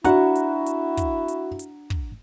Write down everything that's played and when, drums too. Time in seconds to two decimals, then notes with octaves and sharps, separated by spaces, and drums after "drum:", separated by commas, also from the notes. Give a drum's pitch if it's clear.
0.04 D4 E4 F#4 F#5 A#5, drum: hi-hat
0.35 drum: hi-hat
0.66 drum: hi-hat
0.97 drum: kick, hi-hat
1.28 drum: hi-hat
1.59 drum: hi-hat
1.90 drum: kick